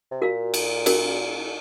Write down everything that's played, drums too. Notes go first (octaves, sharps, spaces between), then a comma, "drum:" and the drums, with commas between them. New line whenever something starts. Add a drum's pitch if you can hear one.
C3
A#2 F#4 A#4 F5
drum: cymbal
C#4 F#4 A#4, drum: cymbal